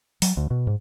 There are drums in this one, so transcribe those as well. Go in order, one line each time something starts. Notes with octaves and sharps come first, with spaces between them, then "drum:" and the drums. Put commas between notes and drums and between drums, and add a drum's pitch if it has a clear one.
F#3, drum: open hi-hat
D2
B2
G#2